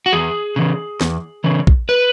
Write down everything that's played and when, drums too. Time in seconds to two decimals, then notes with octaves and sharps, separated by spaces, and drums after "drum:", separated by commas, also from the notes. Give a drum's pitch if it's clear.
0.06 F#4
0.13 E2 G#4
0.56 C#3 E3
1.01 E2, drum: snare
1.44 C#3 E3
1.67 drum: kick
1.89 B4